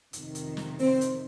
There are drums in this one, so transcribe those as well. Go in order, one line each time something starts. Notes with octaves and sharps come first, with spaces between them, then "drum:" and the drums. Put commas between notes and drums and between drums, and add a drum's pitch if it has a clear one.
F2 C3 D#3, drum: hi-hat
drum: hi-hat
drum: snare
C4 C5, drum: open hi-hat
drum: hi-hat